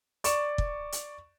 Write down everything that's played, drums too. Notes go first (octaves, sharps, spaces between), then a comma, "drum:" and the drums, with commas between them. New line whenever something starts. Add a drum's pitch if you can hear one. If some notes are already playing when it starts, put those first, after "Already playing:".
D5 C#6 E7, drum: hi-hat
drum: kick
drum: hi-hat